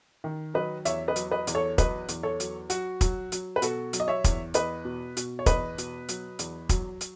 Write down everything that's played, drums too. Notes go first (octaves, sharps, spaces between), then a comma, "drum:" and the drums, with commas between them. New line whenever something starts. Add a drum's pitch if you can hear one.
D#3
F#3 B4 D#5
E2 C#5 E5, drum: hi-hat
B4 D#5
F#3, drum: hi-hat
B4 D#5
E2, drum: hi-hat
A4 C#5
F#3 B4 D#5, drum: kick, hi-hat
E2, drum: hi-hat
A4 C#5
F#3, drum: hi-hat
F#3 F#4, drum: hi-hat
F#3, drum: kick, hi-hat
F#3, drum: hi-hat
B4
B2 F#4 A4, drum: hi-hat
F#3, drum: hi-hat
D#5
C#5 E5
E2, drum: kick, hi-hat
E2 B4 D#5, drum: hi-hat
B2
B2, drum: hi-hat
C#5
E2 B4 D#5, drum: kick, hi-hat
B2, drum: hi-hat
F#3, drum: hi-hat
E2, drum: hi-hat
F#3, drum: kick, hi-hat
drum: hi-hat